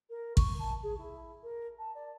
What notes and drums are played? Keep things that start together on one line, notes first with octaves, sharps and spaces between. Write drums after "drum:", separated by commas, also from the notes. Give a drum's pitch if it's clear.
A#4
C#6, drum: kick A1
A5
G#4
E4
A#4
A5
D5